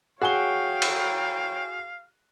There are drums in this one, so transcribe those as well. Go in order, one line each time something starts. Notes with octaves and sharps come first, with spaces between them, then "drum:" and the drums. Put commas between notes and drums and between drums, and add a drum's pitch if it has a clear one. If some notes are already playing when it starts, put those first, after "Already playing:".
F#4 G#4 C#5 F5 G5 G7
drum: cymbal